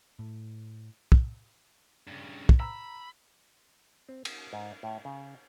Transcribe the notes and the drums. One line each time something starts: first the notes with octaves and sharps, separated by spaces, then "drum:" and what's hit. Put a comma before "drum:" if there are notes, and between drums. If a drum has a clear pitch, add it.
A2
drum: kick
G2 C#3
drum: kick
A#5 B5 E6
C4
G5, drum: cymbal
G#2
A2
C#3